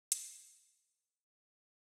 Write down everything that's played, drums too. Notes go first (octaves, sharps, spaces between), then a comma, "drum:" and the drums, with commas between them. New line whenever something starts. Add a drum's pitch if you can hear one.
G#2 C3 B3 E4 F#4, drum: hi-hat